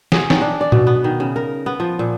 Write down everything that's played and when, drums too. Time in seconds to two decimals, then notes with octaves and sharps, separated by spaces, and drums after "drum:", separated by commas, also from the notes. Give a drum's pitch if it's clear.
0.12 G#4, drum: snare
0.30 D#3, drum: snare
0.41 D4
0.61 D5
0.72 B2, drum: tom A2
0.87 B3
1.04 D#3
1.20 C#3
1.36 A#4
1.66 B3
1.80 F3
1.99 A#2